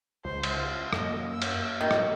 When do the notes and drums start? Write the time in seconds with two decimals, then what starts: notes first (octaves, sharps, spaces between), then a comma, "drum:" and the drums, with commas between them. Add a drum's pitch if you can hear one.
0.25 C#2 C5
0.43 drum: cymbal
0.58 F4
0.93 F#2 A#3 D#5, drum: rim click
1.31 E6
1.42 drum: cymbal
1.81 A2 D#3 F#4
1.91 drum: rim click